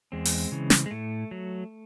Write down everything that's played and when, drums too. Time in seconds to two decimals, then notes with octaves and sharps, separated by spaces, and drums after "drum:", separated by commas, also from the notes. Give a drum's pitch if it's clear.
0.12 E2 G#3 C4
0.25 drum: open hi-hat
0.52 C#3 E3
0.70 drum: snare
0.86 G#3
0.91 A2 A3
1.31 F#3